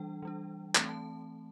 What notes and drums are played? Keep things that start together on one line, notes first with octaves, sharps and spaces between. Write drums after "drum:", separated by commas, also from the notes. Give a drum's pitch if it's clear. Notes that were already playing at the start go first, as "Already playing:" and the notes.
Already playing: E3 G3 D4 G5
E3 G3 D4
E3 A3 C4, drum: clap
A5